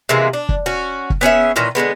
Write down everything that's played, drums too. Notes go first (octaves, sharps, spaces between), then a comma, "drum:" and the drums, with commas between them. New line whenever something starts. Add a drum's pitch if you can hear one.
C3 E3 G#3 A#3
D4
drum: kick
C#4 F#4
drum: kick
B3 C#4 G#4 E5
A#2 D#3 E3 C#4
D3 E3 G#3 B3